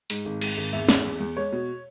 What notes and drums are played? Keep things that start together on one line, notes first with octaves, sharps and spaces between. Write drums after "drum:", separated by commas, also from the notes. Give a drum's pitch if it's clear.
G#2, drum: open hi-hat
G#1
G#3, drum: cymbal
G#1
E2 E5
E2, drum: snare
E2
E2
G#3 C#5
B2